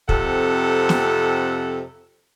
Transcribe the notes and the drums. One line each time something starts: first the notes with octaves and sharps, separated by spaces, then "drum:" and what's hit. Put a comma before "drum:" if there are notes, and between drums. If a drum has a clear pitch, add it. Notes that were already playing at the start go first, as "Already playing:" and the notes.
F2 C3 A4 F#5, drum: kick
drum: snare